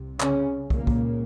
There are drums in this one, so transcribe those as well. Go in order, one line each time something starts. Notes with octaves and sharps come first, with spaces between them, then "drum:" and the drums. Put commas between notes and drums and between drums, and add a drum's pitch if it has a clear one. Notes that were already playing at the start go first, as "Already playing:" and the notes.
Already playing: C2 C3
C#3 C#4, drum: clap
C#2 A#2 C#3 A#3, drum: kick
drum: kick